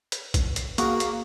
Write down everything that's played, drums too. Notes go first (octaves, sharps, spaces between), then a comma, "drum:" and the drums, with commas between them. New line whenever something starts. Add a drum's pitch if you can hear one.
drum: hi-hat
drum: kick A1, hi-hat
drum: hi-hat
A#3 F#4 G#4, drum: hi-hat
drum: hi-hat